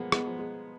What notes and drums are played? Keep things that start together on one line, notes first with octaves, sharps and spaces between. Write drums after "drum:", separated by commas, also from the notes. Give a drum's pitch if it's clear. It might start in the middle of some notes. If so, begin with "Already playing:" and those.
Already playing: F3 G#3 A#3 B3
G#3 B3, drum: rim click
F3
G#3